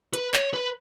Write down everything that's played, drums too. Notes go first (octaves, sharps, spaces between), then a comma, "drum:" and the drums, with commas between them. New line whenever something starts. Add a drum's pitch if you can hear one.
B4, drum: hi-hat
C#5, drum: clap
B4